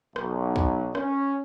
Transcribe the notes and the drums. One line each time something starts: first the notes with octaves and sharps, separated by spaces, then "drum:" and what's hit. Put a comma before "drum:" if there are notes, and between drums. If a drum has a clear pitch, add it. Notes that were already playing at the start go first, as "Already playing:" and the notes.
B1, drum: rim click
drum: kick
C#4, drum: rim click